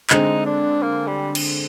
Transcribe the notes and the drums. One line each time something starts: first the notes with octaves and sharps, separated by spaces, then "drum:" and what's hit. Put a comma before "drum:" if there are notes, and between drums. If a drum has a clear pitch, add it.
D3 G#3 C4 D#4, drum: clap
D4
A#3
G3
drum: cymbal